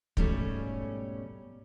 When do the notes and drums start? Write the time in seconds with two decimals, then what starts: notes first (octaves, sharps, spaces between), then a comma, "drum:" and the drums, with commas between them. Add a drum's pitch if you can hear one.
0.17 G#2 B2 G3 A3 C#4, drum: kick